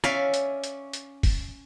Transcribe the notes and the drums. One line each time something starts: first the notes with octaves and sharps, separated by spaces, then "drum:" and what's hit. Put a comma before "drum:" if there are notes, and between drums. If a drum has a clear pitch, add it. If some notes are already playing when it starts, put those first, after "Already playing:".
C#4 D5 E5 F5 G#5, drum: rim click
drum: hi-hat
drum: hi-hat
drum: hi-hat
drum: kick, open hi-hat